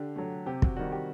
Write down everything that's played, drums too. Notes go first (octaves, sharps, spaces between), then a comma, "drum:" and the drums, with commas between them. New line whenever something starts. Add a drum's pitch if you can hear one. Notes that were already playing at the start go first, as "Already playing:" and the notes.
Already playing: D3 G4
F#3 A3
C3 G4
F#4, drum: kick
D#3 G3 F#4
G4